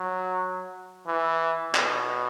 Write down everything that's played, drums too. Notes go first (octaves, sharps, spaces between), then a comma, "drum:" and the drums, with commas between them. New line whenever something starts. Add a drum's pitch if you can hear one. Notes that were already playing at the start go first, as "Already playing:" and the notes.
Already playing: F#3
E3
B2, drum: clap